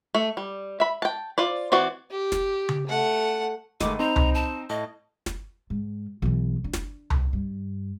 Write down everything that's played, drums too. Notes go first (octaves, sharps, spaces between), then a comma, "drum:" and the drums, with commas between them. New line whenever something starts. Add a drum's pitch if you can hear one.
A3
G3
E5 B5
G5 A5
F4 C5 D5
E3 C4 F#4 D5
G4
drum: snare
drum: tom C#3
A3 F#5
G#2 D#3 A3 D#5 B5 D6, drum: snare
C4 D#4 C5 A#5
drum: tom C2
A5
A2 D#5 A5
drum: snare
G#2
B1 E3
D4
drum: snare
drum: tom C2
G2